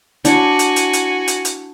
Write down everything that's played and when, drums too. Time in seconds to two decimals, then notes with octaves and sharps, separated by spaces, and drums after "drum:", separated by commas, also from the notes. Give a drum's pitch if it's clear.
0.25 D4 E4 F#4 G#5, drum: hi-hat
0.59 drum: hi-hat
0.76 drum: hi-hat
0.93 drum: hi-hat
1.28 drum: hi-hat
1.45 drum: hi-hat